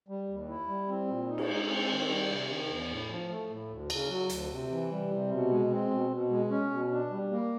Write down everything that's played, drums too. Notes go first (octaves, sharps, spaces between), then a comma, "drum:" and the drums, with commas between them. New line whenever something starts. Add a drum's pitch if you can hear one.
G3
D#2
E4
G3
C4
A#2
D#4
drum: cymbal
G#3
C4
D#3
G3
C3
D#3
E2
A2
F3
A3
A2
D2
C#3, drum: cymbal
F#3
D2, drum: hi-hat
C3
E3
G3
C3
B2
G#3
C4
B2
B2
G#3
C#4
B2
D4
G3
A#3